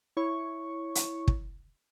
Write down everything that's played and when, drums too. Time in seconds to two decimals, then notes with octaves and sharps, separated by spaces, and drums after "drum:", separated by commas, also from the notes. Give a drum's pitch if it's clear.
0.17 E4 C#5 C#6
0.95 drum: hi-hat
1.28 drum: kick